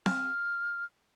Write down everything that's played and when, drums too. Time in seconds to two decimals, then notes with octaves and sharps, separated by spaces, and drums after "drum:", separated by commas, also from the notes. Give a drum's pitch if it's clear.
0.06 F6, drum: snare C4